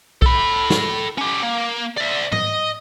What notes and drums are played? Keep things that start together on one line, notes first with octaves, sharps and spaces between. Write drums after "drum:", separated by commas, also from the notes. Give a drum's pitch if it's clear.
A4 B5, drum: kick
drum: snare
C#4 G4
A#3
D5 E5
D#5, drum: tom G#2